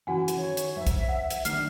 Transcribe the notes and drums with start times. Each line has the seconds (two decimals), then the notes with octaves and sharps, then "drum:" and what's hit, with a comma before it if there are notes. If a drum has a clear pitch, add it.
0.07 C#3 E3 F#4 F#5 G#5
0.28 drum: hi-hat
0.38 D#3 C#5
0.57 drum: hi-hat
0.76 F2 G#2 E5
0.87 drum: kick, hi-hat
1.09 F#5
1.30 drum: hi-hat
1.45 D3 D#3 A3 F6 C7, drum: hi-hat